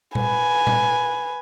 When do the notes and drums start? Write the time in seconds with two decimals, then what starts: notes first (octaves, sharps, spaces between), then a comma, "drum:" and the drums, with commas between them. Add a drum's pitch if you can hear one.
0.15 B4 G#5, drum: tom A#2
0.67 drum: tom A#2